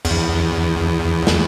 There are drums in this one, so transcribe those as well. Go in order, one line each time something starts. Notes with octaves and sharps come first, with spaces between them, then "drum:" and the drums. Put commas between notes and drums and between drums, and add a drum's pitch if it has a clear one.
E2, drum: cymbal
drum: snare